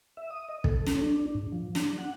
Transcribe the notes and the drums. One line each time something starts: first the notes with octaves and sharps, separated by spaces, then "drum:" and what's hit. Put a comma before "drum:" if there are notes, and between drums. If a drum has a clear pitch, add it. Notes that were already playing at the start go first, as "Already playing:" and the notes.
E5
D#6
D#5
A4, drum: kick
C#4, drum: snare
D4
G#2
F3
D4, drum: snare
F#5